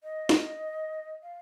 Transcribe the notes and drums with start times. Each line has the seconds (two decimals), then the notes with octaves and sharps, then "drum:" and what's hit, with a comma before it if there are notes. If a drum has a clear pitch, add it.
0.04 D#5
0.29 drum: snare
1.23 F5